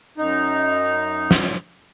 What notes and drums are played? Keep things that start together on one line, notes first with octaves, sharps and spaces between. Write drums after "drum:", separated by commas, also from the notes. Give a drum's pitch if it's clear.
F#2 D#4
drum: snare